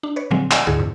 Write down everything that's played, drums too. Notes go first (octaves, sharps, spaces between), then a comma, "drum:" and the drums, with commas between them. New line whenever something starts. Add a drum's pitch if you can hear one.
D4
B4 C#5
A#2 D3 F3 F#3 G#3 C4
D5 D#5 F#5 G#5 C#6 D6, drum: clap
D2 G#2 D3 E4 G#4 C#7
F2 C3